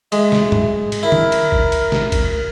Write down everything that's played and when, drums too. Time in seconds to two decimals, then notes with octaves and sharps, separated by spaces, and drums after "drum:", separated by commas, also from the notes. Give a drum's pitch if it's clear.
0.12 G#3 E5, drum: cymbal
0.32 drum: snare
0.52 drum: tom G#2
0.92 drum: cymbal
1.03 E4 A#4
1.12 drum: tom
1.32 drum: cymbal
1.52 drum: kick
1.72 drum: cymbal
1.92 drum: snare
2.12 drum: kick, cymbal